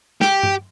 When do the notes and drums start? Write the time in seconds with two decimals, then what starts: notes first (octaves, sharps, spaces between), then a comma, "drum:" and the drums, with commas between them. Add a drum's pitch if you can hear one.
0.21 G4, drum: snare
0.43 drum: tom G2